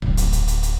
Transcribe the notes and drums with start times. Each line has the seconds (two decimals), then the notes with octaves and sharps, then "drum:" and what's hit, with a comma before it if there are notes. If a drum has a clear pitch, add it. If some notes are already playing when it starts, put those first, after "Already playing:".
0.02 D1, drum: tom A#1
0.17 drum: hi-hat
0.32 drum: hi-hat
0.48 drum: hi-hat
0.63 drum: hi-hat